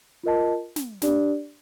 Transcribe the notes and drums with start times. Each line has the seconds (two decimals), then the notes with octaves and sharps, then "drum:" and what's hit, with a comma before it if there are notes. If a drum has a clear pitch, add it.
0.24 F4 A#4 D#5 A5
0.76 drum: snare
1.02 D4 G4 D5, drum: snare